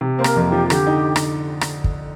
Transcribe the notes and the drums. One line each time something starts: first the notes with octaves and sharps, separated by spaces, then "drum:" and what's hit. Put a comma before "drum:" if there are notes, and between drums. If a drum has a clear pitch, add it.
C3
A#3 C5
A#4, drum: rim click
F2
G4
F3
D3 G4, drum: rim click
D#4
drum: rim click
drum: rim click
drum: kick